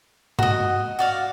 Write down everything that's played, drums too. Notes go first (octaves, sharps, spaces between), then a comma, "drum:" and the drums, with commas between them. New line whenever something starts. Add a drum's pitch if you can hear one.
F#4 D#5, drum: tom G2
F#4 D5 F5